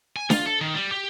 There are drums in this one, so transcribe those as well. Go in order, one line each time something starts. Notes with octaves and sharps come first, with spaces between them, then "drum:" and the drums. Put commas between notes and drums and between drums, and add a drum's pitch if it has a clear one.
G#5
F4, drum: snare D4
A4
D#3
G3
G4